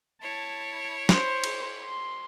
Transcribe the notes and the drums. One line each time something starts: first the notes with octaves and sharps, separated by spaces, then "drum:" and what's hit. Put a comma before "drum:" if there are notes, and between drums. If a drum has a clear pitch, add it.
E4 C#5 A5
C5, drum: snare
drum: cymbal
C6